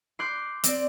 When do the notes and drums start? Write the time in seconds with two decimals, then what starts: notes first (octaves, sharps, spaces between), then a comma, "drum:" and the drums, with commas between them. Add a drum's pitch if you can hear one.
0.19 C6 D6 F#6 G6
0.64 C4 D5, drum: hi-hat